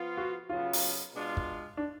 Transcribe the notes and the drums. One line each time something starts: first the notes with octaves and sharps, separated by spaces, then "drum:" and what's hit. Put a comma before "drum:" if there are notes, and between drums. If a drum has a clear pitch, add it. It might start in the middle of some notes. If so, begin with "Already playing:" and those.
Already playing: F3 B3 F4
F#4
C#3 F#3 B3 F4
drum: open hi-hat
B2 G#3 D4 F4
drum: kick
D4